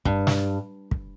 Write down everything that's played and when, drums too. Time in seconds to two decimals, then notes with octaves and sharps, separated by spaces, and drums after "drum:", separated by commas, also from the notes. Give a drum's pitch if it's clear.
0.05 G2, drum: kick
0.27 drum: snare
0.91 drum: kick